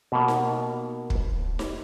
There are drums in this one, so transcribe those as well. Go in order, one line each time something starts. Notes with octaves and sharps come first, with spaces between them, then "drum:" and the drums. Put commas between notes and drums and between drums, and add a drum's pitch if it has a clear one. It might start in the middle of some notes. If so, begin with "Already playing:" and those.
B2 A#3
drum: snare D#4
drum: kick
drum: snare D#4